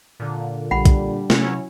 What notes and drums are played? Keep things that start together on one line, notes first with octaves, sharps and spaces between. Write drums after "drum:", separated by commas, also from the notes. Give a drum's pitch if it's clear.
A#2 D3
A#1 G3 D4 F#5 B5
drum: kick A#1, hi-hat
C3 F#3 C#4 E4, drum: snare